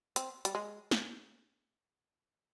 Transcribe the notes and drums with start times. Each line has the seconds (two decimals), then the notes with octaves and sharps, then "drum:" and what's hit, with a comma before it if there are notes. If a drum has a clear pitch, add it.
0.16 C4, drum: hi-hat
0.45 G3, drum: hi-hat
0.55 G#3
0.91 drum: snare